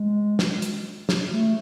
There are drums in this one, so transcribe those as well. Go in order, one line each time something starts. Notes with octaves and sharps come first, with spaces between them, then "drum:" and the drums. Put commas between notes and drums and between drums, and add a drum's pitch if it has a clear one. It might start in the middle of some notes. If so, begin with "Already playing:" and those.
Already playing: G#3
drum: snare
drum: hi-hat
drum: snare
A3